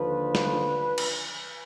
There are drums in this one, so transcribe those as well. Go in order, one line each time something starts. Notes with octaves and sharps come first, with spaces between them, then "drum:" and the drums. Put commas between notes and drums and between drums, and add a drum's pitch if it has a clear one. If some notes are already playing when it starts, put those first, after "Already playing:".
Already playing: D#2 D3 F3 B4
drum: snare
drum: cymbal